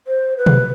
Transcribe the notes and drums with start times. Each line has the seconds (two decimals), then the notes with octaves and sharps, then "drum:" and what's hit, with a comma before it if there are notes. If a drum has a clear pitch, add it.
0.07 C5
0.37 B4
0.46 drum: tom B2